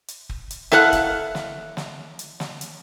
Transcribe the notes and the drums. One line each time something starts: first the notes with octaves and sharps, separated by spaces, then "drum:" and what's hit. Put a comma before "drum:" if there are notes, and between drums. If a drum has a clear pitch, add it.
drum: hi-hat
drum: kick
drum: hi-hat
E4 A4 F5 F#5, drum: snare
drum: kick, hi-hat
drum: snare
drum: snare
drum: hi-hat
drum: snare
drum: hi-hat